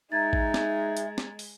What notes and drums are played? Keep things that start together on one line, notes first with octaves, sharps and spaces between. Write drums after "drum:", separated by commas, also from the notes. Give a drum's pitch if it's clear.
G#3 D#4 E5 A#5 G#6 A6
drum: kick
drum: snare
drum: hi-hat
drum: snare
drum: open hi-hat